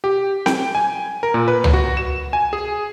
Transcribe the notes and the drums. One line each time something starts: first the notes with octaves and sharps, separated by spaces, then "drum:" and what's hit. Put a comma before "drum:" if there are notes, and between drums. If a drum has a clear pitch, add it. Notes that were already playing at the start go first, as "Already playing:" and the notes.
G4
G5, drum: snare C4
G#5
A#4
A#2
B4
drum: tom C#2
F#4
E7
G#5
G#4